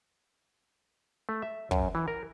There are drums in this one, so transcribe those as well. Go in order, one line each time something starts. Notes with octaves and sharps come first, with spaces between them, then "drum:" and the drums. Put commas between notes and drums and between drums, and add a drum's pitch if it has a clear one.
A3
E5
F#2, drum: kick
E3
A#4